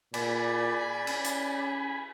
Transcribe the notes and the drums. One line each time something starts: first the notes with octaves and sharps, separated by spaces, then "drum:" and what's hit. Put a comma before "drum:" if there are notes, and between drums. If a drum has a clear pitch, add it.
A#2 D5 G#5 B5, drum: cymbal
C#4, drum: cymbal
drum: hi-hat